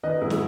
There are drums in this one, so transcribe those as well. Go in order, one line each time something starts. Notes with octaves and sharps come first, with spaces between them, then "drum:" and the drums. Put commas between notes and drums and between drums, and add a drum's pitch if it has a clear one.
D#3 B4 D#5
G#2 E4 G#4
drum: snare